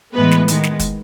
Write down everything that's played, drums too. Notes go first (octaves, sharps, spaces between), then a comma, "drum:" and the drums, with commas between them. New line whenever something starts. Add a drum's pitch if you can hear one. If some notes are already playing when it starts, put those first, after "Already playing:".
A2 E3 G#3 B3 B4
drum: snare
D#3 G#3 B3, drum: hi-hat
drum: snare
drum: kick, hi-hat